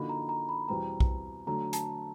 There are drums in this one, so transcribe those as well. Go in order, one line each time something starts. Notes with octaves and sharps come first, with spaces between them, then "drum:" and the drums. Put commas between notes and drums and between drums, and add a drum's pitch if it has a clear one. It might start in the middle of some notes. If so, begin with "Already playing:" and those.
Already playing: D3 F3 A#3 D#4 F#4 B5
A#5
A#5
B5
E2 B2 G3 C4 A#5
drum: kick
D3 F#3 A3 A#5
A5, drum: hi-hat